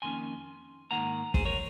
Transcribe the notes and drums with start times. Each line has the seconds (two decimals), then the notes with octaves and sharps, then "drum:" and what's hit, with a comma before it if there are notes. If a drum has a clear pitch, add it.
0.02 F2 D#3 A#3 C#4 G#5 C6
0.91 G#2 D#3 A#3 F#5 A#5
1.34 G#4 C5, drum: kick
1.45 A#4 C#5